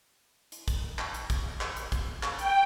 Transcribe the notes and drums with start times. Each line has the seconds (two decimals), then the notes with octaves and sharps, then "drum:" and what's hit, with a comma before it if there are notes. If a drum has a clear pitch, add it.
0.52 drum: hi-hat
0.68 drum: kick, hi-hat
0.99 drum: clap
1.14 drum: hi-hat
1.30 drum: kick, hi-hat
1.61 drum: clap
1.76 drum: hi-hat
1.92 drum: kick, hi-hat
2.23 drum: clap
2.39 G5, drum: hi-hat